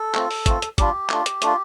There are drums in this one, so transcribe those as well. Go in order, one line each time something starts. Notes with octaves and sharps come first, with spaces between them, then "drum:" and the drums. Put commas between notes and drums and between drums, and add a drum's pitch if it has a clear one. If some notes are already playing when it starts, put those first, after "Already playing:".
Already playing: A4
A3 C4 F4, drum: clap
drum: open hi-hat
A3 C4 F4, drum: kick, hi-hat
drum: hi-hat
G3 D4 F4 G4, drum: kick, hi-hat
A3 D4 F4, drum: clap
drum: hi-hat
A3 D4 F4, drum: hi-hat